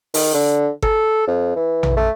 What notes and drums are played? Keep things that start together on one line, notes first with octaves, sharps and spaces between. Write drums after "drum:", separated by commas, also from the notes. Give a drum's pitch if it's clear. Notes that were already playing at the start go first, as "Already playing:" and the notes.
D#3, drum: open hi-hat
D3
A4, drum: kick G1
F2
E3
drum: tom A#1
A3